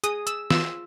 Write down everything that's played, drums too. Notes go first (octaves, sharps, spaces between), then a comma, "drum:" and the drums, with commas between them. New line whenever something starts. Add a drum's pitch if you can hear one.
G#4 D#6, drum: hi-hat
E6, drum: hi-hat
F4 E6, drum: snare